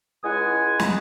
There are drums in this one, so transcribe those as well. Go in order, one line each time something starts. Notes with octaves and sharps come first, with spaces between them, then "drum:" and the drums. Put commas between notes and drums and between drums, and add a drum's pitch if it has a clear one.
C#2 G#3 E4 F#5 G#5 D#6
drum: snare